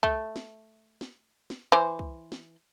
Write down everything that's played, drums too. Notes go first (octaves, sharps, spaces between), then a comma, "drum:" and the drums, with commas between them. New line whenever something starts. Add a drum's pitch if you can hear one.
A3, drum: kick
drum: snare
drum: snare
drum: snare
E3 C5
drum: kick
drum: snare